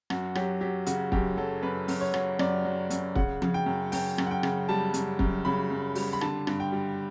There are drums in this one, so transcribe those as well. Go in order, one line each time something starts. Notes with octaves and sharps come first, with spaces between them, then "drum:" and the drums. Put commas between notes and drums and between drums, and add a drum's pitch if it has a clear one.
F#2 F#4, drum: rim click
F#3 G4, drum: rim click
F#3 G4
C#3 F#4, drum: hi-hat
F#2 G4, drum: kick
F#3 A4
F#2 B4
F#2, drum: open hi-hat
C#5
F#3, drum: rim click
F#2 D5, drum: rim click
F#3
F#2, drum: hi-hat
C#3 F#5, drum: kick
C#3, drum: tom F3
G5
F#2
F#2 G5, drum: open hi-hat
F#2, drum: rim click
F#5
G5
C#3, drum: rim click
G3 A5
F#2, drum: hi-hat
F#2, drum: kick
C#3 B5
F#2
G3, drum: open hi-hat
B5
D3 A5, drum: rim click
G2, drum: rim click
G5
G3